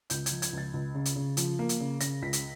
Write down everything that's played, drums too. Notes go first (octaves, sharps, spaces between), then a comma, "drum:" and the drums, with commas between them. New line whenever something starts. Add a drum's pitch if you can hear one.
C#2 G6, drum: hi-hat
G#6, drum: hi-hat
F3
G#6, drum: hi-hat
C#2 A6
C#2
C#3
drum: hi-hat
C#3
F3, drum: hi-hat
A#3
drum: hi-hat
C#3
C#3 A#6, drum: hi-hat
C#2 B6
drum: hi-hat